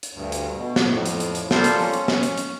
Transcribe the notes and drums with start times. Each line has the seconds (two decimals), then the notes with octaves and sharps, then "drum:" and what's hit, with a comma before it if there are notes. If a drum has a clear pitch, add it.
0.03 drum: hi-hat
0.14 D2 G2
0.32 drum: hi-hat
0.56 B2
0.76 drum: snare
0.86 F2 A2
1.06 drum: hi-hat
1.20 drum: hi-hat
1.35 drum: hi-hat
1.51 F3 G3 A#3 F4 A4 C5, drum: snare
1.64 drum: hi-hat
1.79 C#4, drum: open hi-hat
1.94 drum: hi-hat
2.08 drum: snare
2.23 drum: hi-hat
2.38 drum: hi-hat